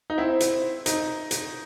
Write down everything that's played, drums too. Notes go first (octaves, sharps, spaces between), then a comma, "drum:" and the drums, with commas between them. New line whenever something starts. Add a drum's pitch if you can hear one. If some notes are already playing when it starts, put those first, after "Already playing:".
D#4
C4 E4
drum: hi-hat
D#4, drum: hi-hat
drum: hi-hat